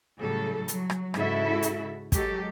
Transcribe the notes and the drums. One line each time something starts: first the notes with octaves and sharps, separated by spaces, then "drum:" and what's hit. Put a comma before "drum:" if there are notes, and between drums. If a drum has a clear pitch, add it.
A2 C#3 F#3 G3 A4
F#3, drum: hi-hat
drum: rim click
G#2 C#3 E4 F#4 A4 E5, drum: rim click
drum: hi-hat
F#3 G#3 G4 A4, drum: kick, hi-hat